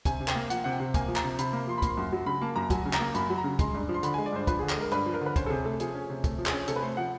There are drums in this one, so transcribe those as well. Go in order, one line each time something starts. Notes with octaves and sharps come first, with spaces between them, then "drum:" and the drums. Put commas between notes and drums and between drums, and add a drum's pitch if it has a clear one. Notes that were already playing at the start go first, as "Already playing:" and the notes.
C3 G#5, drum: kick, hi-hat
C3
G5, drum: clap
A#3
F3 F#5, drum: hi-hat
C3 F#5
G5
C3
A#3 G#5, drum: kick, hi-hat
F3
A#5, drum: clap
C3
C3 B5, drum: hi-hat
A#3
F3 C6
B5
A#3 C6, drum: kick, hi-hat
F#2
F#3
C#3 B5
A#3 A5
F#2 A#5
F#3 G#5, drum: kick, hi-hat
C#3
A#5, drum: clap
A#3
F#2 B5, drum: hi-hat
F#3
A#5
C#3
G#3 C6, drum: kick, hi-hat
G2
F3
C6
D3 B5, drum: hi-hat
G#3 G#5
D5
G2 C5
F3 B4, drum: kick, hi-hat
D3 G#4
A4, drum: clap
G#3 A#4
G2 B4, drum: hi-hat
F3
A#4
D3
B4
C#4 C5, drum: kick, hi-hat
A4
C3 G#4
A3 A4
F3 G#4, drum: hi-hat
C#4
C3
A3, drum: kick, hi-hat
F3
G#4, drum: clap
C#4
C3 A4, drum: hi-hat
B4
A3 C5
F3 F#5